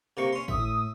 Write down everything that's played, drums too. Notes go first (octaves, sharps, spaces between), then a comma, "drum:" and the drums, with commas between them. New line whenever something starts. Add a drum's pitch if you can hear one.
C3 A#3 C#6
C#4 C6
A2 E5 D#6, drum: kick